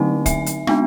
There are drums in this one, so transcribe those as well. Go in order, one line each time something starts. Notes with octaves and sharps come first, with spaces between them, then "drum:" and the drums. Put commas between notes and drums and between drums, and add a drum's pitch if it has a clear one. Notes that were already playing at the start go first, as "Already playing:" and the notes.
Already playing: D3 F#3 A3 C4 D#4
E5, drum: kick, hi-hat
drum: hi-hat
G#3 B3 D4, drum: rim click